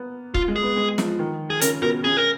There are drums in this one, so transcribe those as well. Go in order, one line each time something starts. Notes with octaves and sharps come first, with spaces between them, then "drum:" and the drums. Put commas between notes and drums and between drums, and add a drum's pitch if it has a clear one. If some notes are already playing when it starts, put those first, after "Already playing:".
Already playing: A#3 B3
F4, drum: kick
G#3
G#4
B3
G#3
F3, drum: snare
D#3
G#4
C#3 A#4, drum: hi-hat
B2 A#4
C#3 G#4
A#4